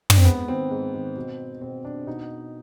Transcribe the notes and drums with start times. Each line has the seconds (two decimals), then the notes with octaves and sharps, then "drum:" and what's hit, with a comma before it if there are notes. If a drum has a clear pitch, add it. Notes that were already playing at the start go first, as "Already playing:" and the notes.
0.10 D4, drum: tom
0.17 C4
0.25 G#2 B3
0.48 D#3 C4
0.71 G#2
0.94 D#3
1.16 B2
1.61 B2 C4
1.85 D4
2.07 B2 D#4